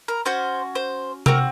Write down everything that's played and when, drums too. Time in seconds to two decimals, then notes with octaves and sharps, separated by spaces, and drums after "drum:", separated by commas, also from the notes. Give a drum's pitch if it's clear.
0.08 A#4
0.25 C#4 F#4 C5
0.75 C5
1.26 C4 F#4 A#4, drum: tom C3